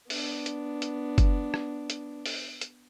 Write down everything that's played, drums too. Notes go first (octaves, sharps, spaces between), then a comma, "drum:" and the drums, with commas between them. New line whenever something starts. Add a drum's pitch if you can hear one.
B3 D4, drum: open hi-hat
drum: hi-hat
drum: hi-hat
drum: kick F#1, hi-hat
drum: rim click
drum: hi-hat
drum: open hi-hat
drum: hi-hat